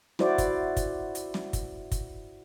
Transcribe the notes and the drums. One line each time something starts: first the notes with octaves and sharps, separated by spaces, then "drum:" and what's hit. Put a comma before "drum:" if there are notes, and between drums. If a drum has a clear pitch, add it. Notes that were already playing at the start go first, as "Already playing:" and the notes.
E4 F#4 C5 D5, drum: snare
drum: kick, hi-hat
drum: kick, hi-hat
drum: hi-hat
drum: snare
drum: kick, hi-hat
drum: kick, hi-hat